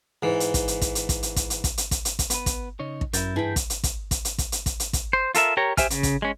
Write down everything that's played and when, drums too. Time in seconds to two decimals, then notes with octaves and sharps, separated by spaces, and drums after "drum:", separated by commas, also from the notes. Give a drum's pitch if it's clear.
0.23 G#2 E3
0.40 drum: hi-hat
0.54 drum: kick, hi-hat
0.68 drum: hi-hat
0.81 drum: kick, hi-hat
0.95 drum: hi-hat
1.09 drum: kick, hi-hat
1.23 drum: hi-hat
1.36 drum: kick, hi-hat
1.50 drum: hi-hat
1.64 drum: kick, hi-hat
1.78 drum: hi-hat
1.91 drum: kick, hi-hat
2.05 drum: hi-hat
2.19 drum: kick, hi-hat
2.30 B3 B4, drum: hi-hat
2.46 drum: kick, hi-hat
2.80 C#3 D#4 C#5
3.01 drum: kick
3.13 F#2 E4 A#4 G6 A6, drum: hi-hat
3.36 G2 E3 G#4 G5 A5 B6
3.56 drum: kick, hi-hat
3.70 drum: hi-hat
3.83 drum: kick, hi-hat
4.11 drum: kick, hi-hat
4.25 drum: hi-hat
4.38 drum: kick, hi-hat
4.52 drum: hi-hat
4.66 drum: kick, hi-hat
4.80 drum: hi-hat
4.93 drum: kick, hi-hat
5.13 C5
5.35 F4 A4 A#4 E5, drum: hi-hat
5.57 G4 A#4 C#5 A#5
5.77 G4 C5 E5 G#5 F6, drum: kick, hi-hat
5.90 C#3, drum: hi-hat
6.03 drum: kick, hi-hat
6.22 G#3 C#4